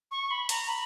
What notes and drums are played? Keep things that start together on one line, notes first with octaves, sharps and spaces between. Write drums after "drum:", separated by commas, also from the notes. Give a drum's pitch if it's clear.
C#6
B5
A#5, drum: hi-hat
B5